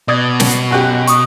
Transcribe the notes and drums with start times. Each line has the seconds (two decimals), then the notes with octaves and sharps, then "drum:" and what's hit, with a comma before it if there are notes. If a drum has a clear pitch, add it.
0.08 B2 D5 D#6 G#6
0.40 drum: snare
0.71 F#2 F#4 G4
1.07 C#6 D#6, drum: hi-hat